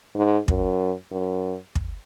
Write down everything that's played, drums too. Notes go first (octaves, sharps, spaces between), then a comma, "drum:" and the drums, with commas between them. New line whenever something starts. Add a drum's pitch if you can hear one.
G#2
F#2, drum: kick
F#2
drum: kick